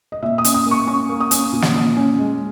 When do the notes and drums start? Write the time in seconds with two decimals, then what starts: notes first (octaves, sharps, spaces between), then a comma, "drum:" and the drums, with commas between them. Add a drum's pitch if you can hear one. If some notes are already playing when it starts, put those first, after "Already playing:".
0.12 D#5
0.22 A#2 E5
0.38 D#6
0.44 C#4, drum: hi-hat
0.54 D#6
0.66 A#3
0.71 C#6
0.87 C#4 C#6
1.09 A#3
1.20 D#6
1.31 C#4, drum: hi-hat
1.52 A#2
1.62 drum: snare
1.74 A#2
1.96 C#4
2.18 G#3